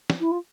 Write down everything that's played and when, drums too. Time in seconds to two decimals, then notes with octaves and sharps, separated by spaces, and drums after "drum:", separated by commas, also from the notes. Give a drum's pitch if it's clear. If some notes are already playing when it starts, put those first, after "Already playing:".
0.10 drum: snare
0.20 E4
0.31 F4